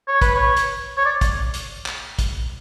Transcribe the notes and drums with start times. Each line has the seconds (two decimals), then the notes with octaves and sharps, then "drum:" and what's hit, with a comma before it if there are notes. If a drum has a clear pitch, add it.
0.08 C#5
0.22 B4, drum: kick, hi-hat
0.35 C#5
0.57 drum: hi-hat
0.98 C#5
1.06 D5
1.21 drum: kick, hi-hat
1.54 drum: hi-hat
1.86 drum: clap
2.19 drum: kick, hi-hat